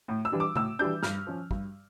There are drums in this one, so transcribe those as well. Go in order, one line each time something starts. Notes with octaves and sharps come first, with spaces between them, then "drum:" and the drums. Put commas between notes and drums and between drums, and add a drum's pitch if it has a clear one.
A2
E6
E3 G3 D4
D6
A2 E6, drum: tom C#3
E3 G3 D4 G6
G2 F6, drum: snare
F3 C#4
G2, drum: kick